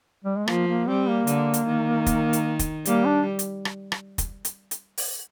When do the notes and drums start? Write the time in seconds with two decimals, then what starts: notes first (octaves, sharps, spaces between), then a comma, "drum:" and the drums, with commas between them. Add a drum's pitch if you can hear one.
0.24 G3
0.36 G#3
0.48 F3 A#3, drum: rim click
0.67 A#3
0.87 G3 C4
1.07 A#3
1.27 D3, drum: hi-hat
1.54 drum: hi-hat
1.67 D#3
2.06 drum: kick, hi-hat
2.33 drum: hi-hat
2.59 drum: kick, hi-hat
2.85 G3 A#3, drum: hi-hat
3.05 D4
3.39 drum: hi-hat
3.65 drum: rim click
3.92 drum: rim click
4.18 drum: kick, hi-hat
4.45 drum: hi-hat
4.71 drum: hi-hat
4.98 drum: open hi-hat